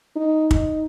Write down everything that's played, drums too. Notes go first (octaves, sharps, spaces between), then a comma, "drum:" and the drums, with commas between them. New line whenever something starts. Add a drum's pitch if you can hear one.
D#4
D#4, drum: kick